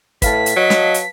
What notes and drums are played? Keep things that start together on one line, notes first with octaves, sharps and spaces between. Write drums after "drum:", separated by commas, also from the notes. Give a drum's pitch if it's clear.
A2 B4 F5 A5 B6, drum: kick, hi-hat
drum: hi-hat
F#3 D#5
drum: snare
drum: hi-hat